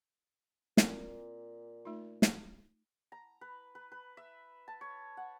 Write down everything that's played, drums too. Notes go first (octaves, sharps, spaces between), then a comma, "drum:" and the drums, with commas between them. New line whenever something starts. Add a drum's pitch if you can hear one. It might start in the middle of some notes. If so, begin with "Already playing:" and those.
A#2 C4 E4, drum: snare
A3 D#4 F4
drum: snare
A#5
B4
B4
B4
E5
A5
C#5
F#5